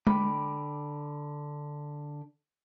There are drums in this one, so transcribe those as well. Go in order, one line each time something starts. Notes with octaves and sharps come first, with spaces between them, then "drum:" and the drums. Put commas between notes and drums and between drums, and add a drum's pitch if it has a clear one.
D3 G5 B5 D6, drum: tom G#3